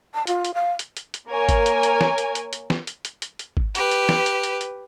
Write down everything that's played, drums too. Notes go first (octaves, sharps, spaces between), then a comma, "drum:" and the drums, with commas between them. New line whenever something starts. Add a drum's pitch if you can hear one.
A5
F4, drum: hi-hat
drum: hi-hat
F5
drum: hi-hat
drum: hi-hat
drum: hi-hat
A#3 A#4 C#5 G#5
drum: kick G#1, hi-hat
drum: hi-hat
drum: hi-hat
drum: snare
drum: hi-hat
drum: hi-hat
drum: hi-hat
drum: snare
drum: hi-hat
drum: hi-hat
drum: hi-hat
drum: hi-hat
drum: kick G#1
G4 B4, drum: hi-hat
drum: hi-hat
drum: snare
drum: hi-hat
drum: hi-hat
drum: hi-hat